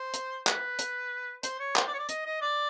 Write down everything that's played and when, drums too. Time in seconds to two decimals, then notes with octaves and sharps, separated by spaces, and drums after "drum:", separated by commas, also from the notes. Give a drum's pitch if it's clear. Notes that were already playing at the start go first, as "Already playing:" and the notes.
Already playing: C5
0.14 drum: hi-hat
0.47 B4, drum: clap
0.79 drum: hi-hat
1.43 C5, drum: hi-hat
1.60 C#5
1.76 C5, drum: clap
1.87 D5
1.94 C#5
1.99 D5
2.09 D#5, drum: hi-hat
2.25 D#5
2.41 D5